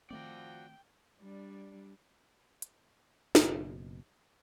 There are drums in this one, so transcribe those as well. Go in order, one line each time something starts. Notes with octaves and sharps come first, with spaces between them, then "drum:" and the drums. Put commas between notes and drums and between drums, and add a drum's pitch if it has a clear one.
D#3 F3 A3 C4 F#4 D5 G5
G3 D4
drum: hi-hat
F#1 B2, drum: snare